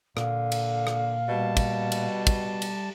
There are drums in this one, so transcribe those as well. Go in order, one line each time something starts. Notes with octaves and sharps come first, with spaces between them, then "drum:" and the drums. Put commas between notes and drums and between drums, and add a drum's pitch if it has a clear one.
A#2 D3 F5, drum: rim click
drum: cymbal
drum: rim click
B2 G3 A5
drum: kick, cymbal
drum: cymbal
drum: kick, cymbal
drum: cymbal